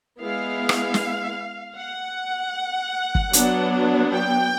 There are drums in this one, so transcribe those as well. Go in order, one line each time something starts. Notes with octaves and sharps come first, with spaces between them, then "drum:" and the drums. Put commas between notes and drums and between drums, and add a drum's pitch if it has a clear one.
G#3 B3 E4 F5
drum: rim click
drum: snare
F#5
drum: kick
F#3 B3 D4, drum: hi-hat
G5